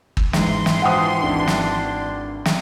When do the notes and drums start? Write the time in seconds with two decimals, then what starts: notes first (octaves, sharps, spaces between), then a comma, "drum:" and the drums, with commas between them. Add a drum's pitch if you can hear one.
0.17 drum: kick
0.33 G#2 E3 C6, drum: snare
0.66 drum: snare
0.82 F3 F#5 G5 D#6
1.23 G#1 D4
1.47 drum: snare
2.45 drum: snare